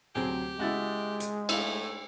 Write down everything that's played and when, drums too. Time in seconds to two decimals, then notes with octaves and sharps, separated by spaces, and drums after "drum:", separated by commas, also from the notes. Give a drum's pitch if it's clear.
0.15 D2 C3 F#3 C4 G4 G#4
0.60 C#3 G#3 E4 F#4 A6
1.20 drum: hi-hat
1.49 A2 E4 F5 E6, drum: cymbal